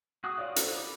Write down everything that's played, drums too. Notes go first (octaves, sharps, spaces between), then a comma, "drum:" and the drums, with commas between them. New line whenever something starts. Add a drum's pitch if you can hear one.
F#4 G#4 D#6
F4 C#5 D5 F5
A4 C5, drum: hi-hat
B4 D6